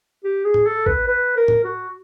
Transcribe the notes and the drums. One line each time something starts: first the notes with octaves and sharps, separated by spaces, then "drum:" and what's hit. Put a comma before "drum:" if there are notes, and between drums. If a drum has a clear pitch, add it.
G4
G#4
drum: tom A2
A4
B4, drum: kick
B4
A#4
drum: tom A2
F#4